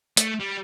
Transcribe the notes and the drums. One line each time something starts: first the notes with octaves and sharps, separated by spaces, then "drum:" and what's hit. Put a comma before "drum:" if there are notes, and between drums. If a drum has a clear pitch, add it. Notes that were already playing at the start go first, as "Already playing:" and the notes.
A3, drum: hi-hat
G3